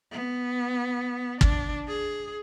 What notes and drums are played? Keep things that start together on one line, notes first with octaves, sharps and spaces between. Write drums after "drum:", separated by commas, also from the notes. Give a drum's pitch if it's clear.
B3
D4, drum: kick
G#4